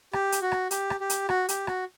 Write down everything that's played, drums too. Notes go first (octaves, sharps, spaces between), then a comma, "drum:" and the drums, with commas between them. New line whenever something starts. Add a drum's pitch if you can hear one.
G4, drum: rim click
drum: hi-hat
F#4
drum: rim click
G4, drum: hi-hat
drum: rim click
G4
drum: hi-hat
F#4, drum: rim click
G4, drum: hi-hat
F#4, drum: rim click